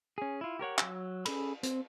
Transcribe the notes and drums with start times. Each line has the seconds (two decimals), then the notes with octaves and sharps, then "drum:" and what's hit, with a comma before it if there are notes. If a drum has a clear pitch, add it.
0.18 C#4 G#4
0.41 E4 F4
0.59 G4 A#4 C#5 F#5
0.78 F#3 E6, drum: clap
1.25 C#4 G#4 A4 B5, drum: cymbal
1.63 C4, drum: hi-hat